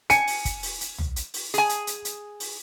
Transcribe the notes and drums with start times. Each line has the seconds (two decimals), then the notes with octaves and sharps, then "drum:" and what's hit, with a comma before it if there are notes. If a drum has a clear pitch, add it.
0.10 G#5 C#7, drum: hi-hat
0.28 drum: open hi-hat
0.45 drum: kick, hi-hat
0.63 drum: open hi-hat
0.81 drum: hi-hat
0.98 drum: tom
1.16 drum: hi-hat
1.34 drum: open hi-hat
1.54 G#4 G#5, drum: hi-hat
1.69 drum: hi-hat
1.87 drum: hi-hat
2.05 drum: hi-hat
2.40 drum: open hi-hat